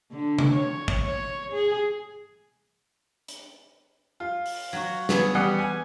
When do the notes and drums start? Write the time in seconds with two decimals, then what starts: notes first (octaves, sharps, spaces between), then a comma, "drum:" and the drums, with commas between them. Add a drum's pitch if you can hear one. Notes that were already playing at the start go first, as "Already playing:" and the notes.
0.11 D3
0.38 drum: tom C3
0.52 C#5
0.88 drum: kick
1.04 C#5
1.53 G#4
3.28 drum: hi-hat
4.20 F4
4.46 drum: open hi-hat
4.73 F#3 F#4
5.09 B3 G#4 A4, drum: snare
5.35 G3 F#5 D#6, drum: tom E3
5.59 G#5